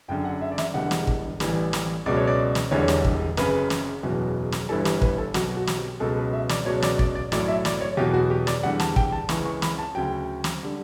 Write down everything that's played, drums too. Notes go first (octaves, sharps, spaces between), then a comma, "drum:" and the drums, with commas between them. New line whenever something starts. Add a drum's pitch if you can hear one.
F#1 F#2 D3 G5
F#5
E5
D5
E5, drum: snare
E1 E2 D3 G3 F#5
drum: snare
drum: kick
A1 A2 E3 G3, drum: snare
drum: snare
C#2 B2 F#3 D5
C#5
D5
drum: snare
E1 E2 D3 G3 C#5
drum: snare
drum: kick
F#1 F#2 C#3 B4, drum: snare
drum: snare
F#1 E2 B2 F#3
drum: snare
G1 G2 E3 G3 A4
G4, drum: snare
B4, drum: kick
A4
B1 B2 F#3 F#4, drum: snare
F#4
drum: snare
G4
C#2 B2 F#3 A4
B4
E5
D5, drum: snare
C#2 B2 F#3 C#5
D5, drum: snare
D5, drum: kick
D5
B1 A2 F#3 D5, drum: snare
E5
D5, drum: snare
C#5
E2 B2 F#3 G4
F#4
G4
D5, drum: snare
E2 D3 G3 F#5
A5, drum: snare
G5, drum: kick
A5
C#2 C#3 E3 C#6, drum: snare
C#6
B5, drum: snare
A5
D2 C#3 F#3 G5
drum: snare
D3 G3